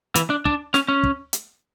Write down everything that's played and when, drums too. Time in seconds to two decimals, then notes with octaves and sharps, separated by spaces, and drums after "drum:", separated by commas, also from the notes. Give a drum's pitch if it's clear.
0.15 E3, drum: hi-hat
0.30 D4
0.45 D4, drum: kick
0.74 C#4, drum: snare
0.88 C#4
1.03 drum: kick
1.33 drum: hi-hat